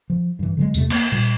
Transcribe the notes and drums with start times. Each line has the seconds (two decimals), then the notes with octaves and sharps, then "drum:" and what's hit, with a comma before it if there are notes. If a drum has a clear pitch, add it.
0.10 F3
0.39 G2 E3
0.57 D3 F#3 G#3
0.74 E2 C3 A3, drum: tambourine
0.90 A#3, drum: cymbal
1.12 A#2 G3